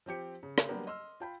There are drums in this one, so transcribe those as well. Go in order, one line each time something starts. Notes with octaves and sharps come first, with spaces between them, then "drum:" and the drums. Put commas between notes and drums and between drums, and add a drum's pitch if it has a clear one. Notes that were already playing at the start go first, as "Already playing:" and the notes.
F3 C4 G4 C#7
C#3
drum: rim click
F#3 G3 A#3 B3 D4 G4
D#5 C6 E6 F6
F4 G5 B5